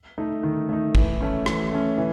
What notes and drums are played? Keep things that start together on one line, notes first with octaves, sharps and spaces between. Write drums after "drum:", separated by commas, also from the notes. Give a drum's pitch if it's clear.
A3 D#4
D#3
A3 D#4
E3, drum: kick
A3 C#4
E3, drum: rim click
A3 C#4
E3